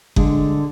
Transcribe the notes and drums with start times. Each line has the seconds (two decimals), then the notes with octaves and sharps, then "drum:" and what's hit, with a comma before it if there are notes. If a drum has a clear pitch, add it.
0.16 D3 G#3, drum: kick F#1